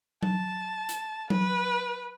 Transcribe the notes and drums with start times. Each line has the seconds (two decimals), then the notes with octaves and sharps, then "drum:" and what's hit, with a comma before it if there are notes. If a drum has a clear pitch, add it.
0.23 A5, drum: tom F#3
0.89 drum: hi-hat
1.30 B4, drum: tom F#3